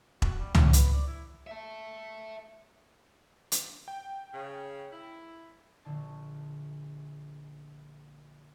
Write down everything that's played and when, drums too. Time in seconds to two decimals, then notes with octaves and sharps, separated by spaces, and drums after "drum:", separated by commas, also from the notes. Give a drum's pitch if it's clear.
0.22 F#4, drum: kick E1
0.39 G3
0.55 C#4, drum: tom C#2
0.73 B4, drum: hi-hat
0.93 D5
1.07 E4
1.47 E5 A5
3.52 drum: hi-hat
3.88 G5
4.33 C#3
4.92 E4
5.85 A#1 D3 A5